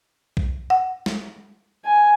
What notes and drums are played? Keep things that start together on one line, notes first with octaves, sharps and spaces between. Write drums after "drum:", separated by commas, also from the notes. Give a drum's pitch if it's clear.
drum: kick B1
F#5
drum: snare
G#5